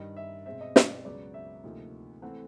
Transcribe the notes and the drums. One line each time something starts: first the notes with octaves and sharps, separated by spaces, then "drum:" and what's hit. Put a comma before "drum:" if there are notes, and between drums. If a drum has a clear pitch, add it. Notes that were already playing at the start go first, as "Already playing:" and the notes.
Already playing: G2 D#3 G3 D#5
E5
B2 G#3 C4 E5
D#5
D5, drum: snare
C#2 C#3 F#3 B3 D5
E5
D2 C3 F3 A#3 D#4
E3 A3 C4 F#5